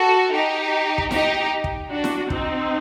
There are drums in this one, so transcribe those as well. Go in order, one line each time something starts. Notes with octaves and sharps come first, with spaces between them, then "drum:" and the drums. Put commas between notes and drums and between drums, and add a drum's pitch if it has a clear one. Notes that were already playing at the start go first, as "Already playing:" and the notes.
Already playing: F#4 A4
D#4 G4
drum: kick
D#4 G4, drum: snare E4
drum: kick
D4 F#4
drum: snare E4
C4 D#4, drum: kick